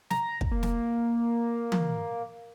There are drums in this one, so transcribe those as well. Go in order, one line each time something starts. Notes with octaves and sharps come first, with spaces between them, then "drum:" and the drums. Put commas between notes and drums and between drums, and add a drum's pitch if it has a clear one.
A#5, drum: snare
drum: kick
A#3
drum: snare
drum: tom E3